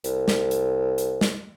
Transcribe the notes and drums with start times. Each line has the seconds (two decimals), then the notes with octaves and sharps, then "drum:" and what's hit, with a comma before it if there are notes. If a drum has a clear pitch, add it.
0.04 C2, drum: hi-hat
0.28 drum: snare
0.51 drum: hi-hat
0.98 drum: hi-hat
1.21 drum: snare